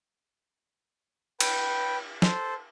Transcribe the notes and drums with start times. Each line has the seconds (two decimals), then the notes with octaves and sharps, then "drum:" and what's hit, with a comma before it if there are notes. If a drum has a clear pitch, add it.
1.40 B4 G5, drum: cymbal
2.22 A4 C5, drum: snare